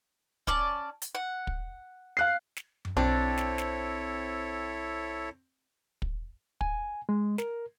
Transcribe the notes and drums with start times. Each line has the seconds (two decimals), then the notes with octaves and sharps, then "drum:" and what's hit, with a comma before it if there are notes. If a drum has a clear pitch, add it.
0.47 C#4 D5 A5, drum: kick
1.02 drum: hi-hat
1.15 F#5
1.47 drum: kick
2.17 F5 F#6 C7
2.57 drum: snare
2.85 drum: tom F#2
2.97 B1 C4 D4 E4 A4 C#5
3.38 drum: snare
3.58 drum: snare
6.02 drum: kick
6.61 G#5, drum: kick
7.09 G#3
7.38 A#4, drum: snare